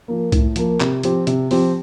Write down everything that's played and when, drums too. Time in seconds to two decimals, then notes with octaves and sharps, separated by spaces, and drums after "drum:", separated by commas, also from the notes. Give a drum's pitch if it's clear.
0.08 F3 A#3
0.32 A2, drum: kick C2, hi-hat
0.56 F3 A#3, drum: hi-hat
0.80 C3, drum: clap
1.03 F3 C4 G4, drum: hi-hat
1.27 C3, drum: hi-hat
1.51 F3 C4 G4, drum: open hi-hat